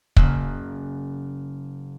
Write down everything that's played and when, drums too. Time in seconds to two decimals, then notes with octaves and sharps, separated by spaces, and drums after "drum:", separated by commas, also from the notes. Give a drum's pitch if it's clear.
0.17 F#1 C#3 A#3 E6 F#6, drum: kick